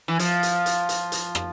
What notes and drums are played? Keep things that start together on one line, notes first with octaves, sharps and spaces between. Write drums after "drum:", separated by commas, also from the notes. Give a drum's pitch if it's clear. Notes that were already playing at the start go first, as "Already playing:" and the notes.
E3
F3, drum: hi-hat
drum: hi-hat
drum: hi-hat
drum: hi-hat
drum: hi-hat
drum: rim click